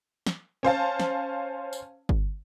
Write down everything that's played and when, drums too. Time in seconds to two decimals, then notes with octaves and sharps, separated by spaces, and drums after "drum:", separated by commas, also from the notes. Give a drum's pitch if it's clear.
0.26 drum: snare
0.63 C#4 C5 F5 A5
1.00 drum: snare
1.73 drum: tambourine
2.09 drum: kick G1